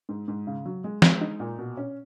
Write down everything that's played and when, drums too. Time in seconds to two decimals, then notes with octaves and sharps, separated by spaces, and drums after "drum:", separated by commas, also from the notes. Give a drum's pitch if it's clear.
0.09 G#2
0.28 G#2
0.47 C#3
0.66 F#3
0.84 G#3
1.02 G#3, drum: snare
1.21 D#4
1.40 A#2
1.58 B2
1.77 C#4